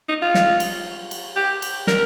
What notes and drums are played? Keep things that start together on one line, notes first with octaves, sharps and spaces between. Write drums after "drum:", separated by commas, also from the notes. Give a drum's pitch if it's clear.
D#4
F4
drum: snare
drum: cymbal
drum: cymbal
G4
drum: cymbal
A#4, drum: snare